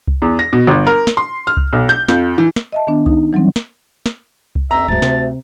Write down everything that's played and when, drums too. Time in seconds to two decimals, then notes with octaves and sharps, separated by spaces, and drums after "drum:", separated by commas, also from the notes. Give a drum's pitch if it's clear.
0.08 drum: kick C2
0.22 E2
0.39 A#6
0.53 B2
0.67 G1
0.87 A#4
1.07 drum: snare
1.17 C6
1.47 F6
1.57 drum: kick C2
1.73 B1
1.89 G6
2.08 F2, drum: snare
2.38 E3
2.56 drum: snare
2.72 D#5 E5 A5
2.87 D#3 B3 D4
3.06 D#4, drum: kick C2
3.33 E3 F#3 G3 C4
3.56 drum: snare
4.06 drum: snare
4.55 drum: kick C2
4.71 F2 E5 A#5
4.88 D1 D2 G#2 A5
5.02 C3, drum: snare